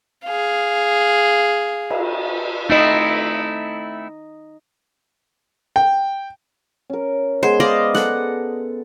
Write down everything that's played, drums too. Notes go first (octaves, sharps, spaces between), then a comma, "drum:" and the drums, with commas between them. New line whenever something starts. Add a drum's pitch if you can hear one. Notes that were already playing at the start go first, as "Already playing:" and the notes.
G#4 F5
drum: cymbal
A3 C4 D#4 E4 D#5
G5
C#4 A#4
G#3 B3 C5 G#5
D5 D#5 F5
A4 F#5, drum: snare